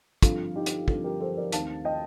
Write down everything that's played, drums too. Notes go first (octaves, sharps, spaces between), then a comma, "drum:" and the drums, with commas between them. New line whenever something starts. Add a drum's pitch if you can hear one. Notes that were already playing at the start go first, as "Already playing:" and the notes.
G2 D3 F3 C4 F4 A4, drum: kick, hi-hat
D#4 G4
drum: hi-hat
G2 D3 F3 C4 F4 A4, drum: kick
G4 A#4
A4 C5
A#4 D5
D#2 D#3 A3 C4 F5 A5, drum: hi-hat
D#5 G5